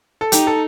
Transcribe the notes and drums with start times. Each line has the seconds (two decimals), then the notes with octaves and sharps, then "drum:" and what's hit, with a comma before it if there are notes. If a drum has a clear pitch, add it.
0.21 A4
0.32 D#4 G4, drum: hi-hat
0.47 A4